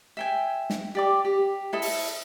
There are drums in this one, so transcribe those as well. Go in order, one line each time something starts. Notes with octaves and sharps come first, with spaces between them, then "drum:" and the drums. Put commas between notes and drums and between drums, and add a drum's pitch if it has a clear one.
E5 G5 G#5
drum: snare
G4 D5 D6
G4
E4 A4 D#5
drum: open hi-hat